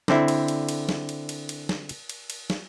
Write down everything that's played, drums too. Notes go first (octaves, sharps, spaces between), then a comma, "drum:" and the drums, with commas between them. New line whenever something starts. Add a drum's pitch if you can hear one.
D3 C4 E4, drum: snare
drum: cymbal
drum: cymbal
drum: cymbal
drum: snare
drum: cymbal
drum: cymbal
drum: cymbal
drum: snare
drum: cymbal
drum: cymbal
drum: cymbal
drum: snare